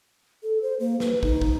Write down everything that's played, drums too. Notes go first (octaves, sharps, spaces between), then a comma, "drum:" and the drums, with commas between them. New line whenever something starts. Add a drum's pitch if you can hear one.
A4
C5
A#3
B4, drum: snare
D#4, drum: kick
drum: kick